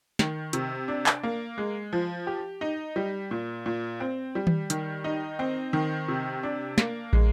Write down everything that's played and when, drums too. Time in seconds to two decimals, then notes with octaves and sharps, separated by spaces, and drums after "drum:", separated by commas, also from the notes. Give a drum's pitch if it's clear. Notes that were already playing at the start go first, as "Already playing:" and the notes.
0.19 D#3, drum: snare
0.53 C3, drum: hi-hat
0.88 D4
1.06 drum: clap
1.23 A#3
1.58 G#3
1.93 F3
2.27 G4
2.61 D#4
2.96 G3
3.31 A#2
3.66 A#2
4.00 C4
4.35 G3
4.47 drum: tom D#3
4.70 D#3, drum: hi-hat
5.04 D#4
5.39 C4
5.73 D#3
6.08 C3
6.43 D4
6.78 A#3, drum: snare
7.13 G#3, drum: kick